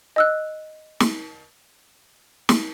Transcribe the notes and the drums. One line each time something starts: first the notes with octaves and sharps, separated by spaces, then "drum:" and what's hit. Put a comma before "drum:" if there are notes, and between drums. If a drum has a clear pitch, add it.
D#5 E6 F#6
drum: snare
drum: snare